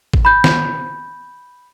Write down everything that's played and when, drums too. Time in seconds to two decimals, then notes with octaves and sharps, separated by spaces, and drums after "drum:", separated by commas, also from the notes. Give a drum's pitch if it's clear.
0.14 drum: kick G#1
0.25 B5 G6
0.44 drum: snare